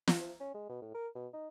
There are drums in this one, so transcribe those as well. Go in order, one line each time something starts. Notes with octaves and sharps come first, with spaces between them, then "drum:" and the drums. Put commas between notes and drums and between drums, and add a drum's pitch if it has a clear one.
drum: snare
F3
C#4
G#3
B2
A2
A#4
B2
D#4